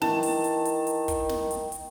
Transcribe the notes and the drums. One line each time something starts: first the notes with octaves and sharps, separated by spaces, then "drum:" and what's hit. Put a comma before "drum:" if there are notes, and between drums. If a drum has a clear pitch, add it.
D#3 E3 A5 E7, drum: snare
drum: open hi-hat
drum: hi-hat
drum: hi-hat
drum: hi-hat
drum: kick, hi-hat
drum: snare
drum: hi-hat
drum: hi-hat